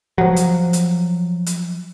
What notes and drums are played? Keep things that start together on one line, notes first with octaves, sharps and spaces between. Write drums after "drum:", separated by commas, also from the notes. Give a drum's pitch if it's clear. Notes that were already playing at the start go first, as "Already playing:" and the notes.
F3 F#3
drum: hi-hat
drum: hi-hat
drum: hi-hat